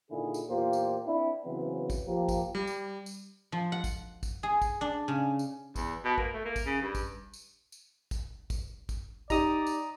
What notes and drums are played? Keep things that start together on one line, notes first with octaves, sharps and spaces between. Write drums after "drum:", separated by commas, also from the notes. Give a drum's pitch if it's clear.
A#2 D3 D#3 E4 G#4
drum: tambourine
E2 A#2 A#3 F4 G4 C5
drum: tambourine
C4 D4 E4
C#3 E3 F#3 B3 C4
drum: kick, tambourine
F3 A#3 G4
drum: kick, tambourine
G3
drum: tambourine
drum: tambourine
F3
F#5
drum: kick, tambourine
drum: kick, tambourine
G#4
drum: kick, tambourine
D4
C#3
drum: tambourine
E2, drum: kick, tambourine
B2
A#3, drum: kick
A3
A#3
drum: kick, tambourine
C#3
G2
drum: kick, tambourine
drum: tambourine
drum: tambourine
drum: kick, tambourine
drum: kick, tambourine
drum: kick, tambourine
D#4 G4 D5 D#5 A#5 D#6, drum: kick, tambourine
drum: tambourine